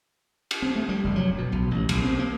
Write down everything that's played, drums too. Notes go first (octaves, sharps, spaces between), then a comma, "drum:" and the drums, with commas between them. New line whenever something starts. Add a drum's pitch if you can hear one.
drum: cymbal
C4
A3
G3
F1
F#3
B2
B1
A1
B1, drum: cymbal
C4
A#3